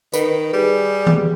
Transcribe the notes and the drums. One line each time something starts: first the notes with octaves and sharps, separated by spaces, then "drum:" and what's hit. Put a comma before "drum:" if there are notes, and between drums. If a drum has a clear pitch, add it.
D#3 B4, drum: tambourine
G3 G#4
drum: tom D#3